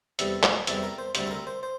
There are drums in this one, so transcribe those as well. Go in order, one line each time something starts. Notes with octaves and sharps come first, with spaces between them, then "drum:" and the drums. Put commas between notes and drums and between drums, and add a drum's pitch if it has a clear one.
E2 C3 G3 A4, drum: hi-hat
drum: clap
E2 C3 G3 A4, drum: hi-hat
A#4
C5
D2 C3 G3 C5, drum: hi-hat
A4
A#4
C5
C5